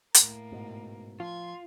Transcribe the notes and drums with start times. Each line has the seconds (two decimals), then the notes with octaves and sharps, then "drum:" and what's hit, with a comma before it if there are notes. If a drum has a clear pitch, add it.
0.14 A2 A#3, drum: hi-hat
0.52 G#2 B2
1.20 F3 F4 C6 G#6